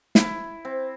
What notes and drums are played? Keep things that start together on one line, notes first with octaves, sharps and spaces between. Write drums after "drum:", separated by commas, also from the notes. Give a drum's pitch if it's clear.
E4, drum: snare
C4